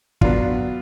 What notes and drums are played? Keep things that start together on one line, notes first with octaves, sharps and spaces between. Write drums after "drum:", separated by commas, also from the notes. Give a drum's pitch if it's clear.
F#3 B3 D4 F4, drum: kick